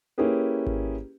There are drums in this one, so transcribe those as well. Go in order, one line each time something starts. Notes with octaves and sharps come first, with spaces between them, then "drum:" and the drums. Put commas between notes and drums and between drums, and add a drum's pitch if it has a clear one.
A#3 C#4 E4 G4 G#4 B4
drum: kick G#1